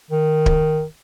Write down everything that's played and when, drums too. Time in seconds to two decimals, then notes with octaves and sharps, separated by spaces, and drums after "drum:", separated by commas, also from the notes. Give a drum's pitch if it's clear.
0.11 D#3
0.46 drum: kick D1